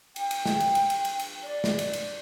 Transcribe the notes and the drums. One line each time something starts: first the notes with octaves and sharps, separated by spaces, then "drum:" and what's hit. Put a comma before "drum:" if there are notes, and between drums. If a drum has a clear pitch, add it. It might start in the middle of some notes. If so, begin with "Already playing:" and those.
G5, drum: cymbal
drum: cymbal
drum: snare
drum: cymbal
drum: cymbal
drum: cymbal
drum: cymbal
drum: cymbal
D5
drum: snare
drum: cymbal
drum: cymbal